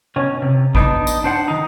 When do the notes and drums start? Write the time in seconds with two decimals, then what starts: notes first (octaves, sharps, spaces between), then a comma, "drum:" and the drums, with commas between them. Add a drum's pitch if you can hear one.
0.16 B2 C#4
0.42 C3
0.75 B3 D4 D#4, drum: kick G#1
1.07 drum: tambourine
1.24 D4 C5 F#5
1.48 D#3 D#4